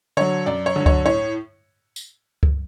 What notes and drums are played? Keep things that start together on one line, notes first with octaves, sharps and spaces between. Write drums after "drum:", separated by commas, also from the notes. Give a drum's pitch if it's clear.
D3 F#3 C#5
F#2 D5
C#5
D3 F#3
C#5, drum: kick C#2
A2 C#5
drum: tambourine
drum: kick C#2